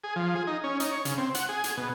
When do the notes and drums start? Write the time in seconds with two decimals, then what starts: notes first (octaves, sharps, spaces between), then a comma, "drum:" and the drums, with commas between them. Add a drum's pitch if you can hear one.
0.04 G#4
0.16 F3
0.35 G#4
0.47 D#4
0.64 C#4
0.80 D#4, drum: hi-hat
0.91 C#5
1.05 C#3, drum: hi-hat
1.18 C4
1.34 F#5, drum: hi-hat
1.49 G#4
1.64 drum: hi-hat
1.77 B2